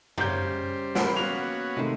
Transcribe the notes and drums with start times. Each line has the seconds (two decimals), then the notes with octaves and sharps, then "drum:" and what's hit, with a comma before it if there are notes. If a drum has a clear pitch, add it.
0.18 C#3 G3 G4 C5 A#5 G6, drum: tom F#2
0.95 F#5 B5, drum: snare
1.16 A#3 B3 C#4 F#4 F7
1.77 C3 D#3 G#3 A3 C5